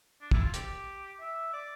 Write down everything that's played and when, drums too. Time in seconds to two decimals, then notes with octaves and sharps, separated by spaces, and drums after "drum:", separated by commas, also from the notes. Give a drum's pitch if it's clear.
0.21 D4
0.31 E4, drum: kick
0.43 F4
0.54 G4, drum: hi-hat
1.20 E5
1.53 D5